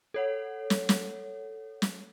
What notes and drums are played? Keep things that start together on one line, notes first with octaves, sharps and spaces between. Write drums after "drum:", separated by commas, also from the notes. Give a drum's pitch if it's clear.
A4 C#5 F#5
drum: snare
drum: snare
drum: snare